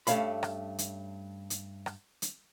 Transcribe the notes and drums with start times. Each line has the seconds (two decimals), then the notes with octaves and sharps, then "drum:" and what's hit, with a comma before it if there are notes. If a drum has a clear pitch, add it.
0.07 G2 A3 C#4 C#5 F5 B5, drum: hi-hat
0.43 drum: rim click
0.78 drum: hi-hat
1.50 drum: hi-hat
1.86 drum: rim click
2.22 drum: hi-hat